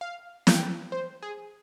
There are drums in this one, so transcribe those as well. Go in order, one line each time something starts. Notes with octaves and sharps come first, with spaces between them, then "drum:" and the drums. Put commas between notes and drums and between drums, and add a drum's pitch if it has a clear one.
F5
G5, drum: snare
C5
G#4